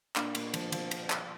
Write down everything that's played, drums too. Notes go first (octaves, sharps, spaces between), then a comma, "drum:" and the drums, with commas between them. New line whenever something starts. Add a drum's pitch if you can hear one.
A#2 D4, drum: clap
A#2, drum: cymbal
F3, drum: cymbal
F3, drum: cymbal
drum: cymbal
drum: clap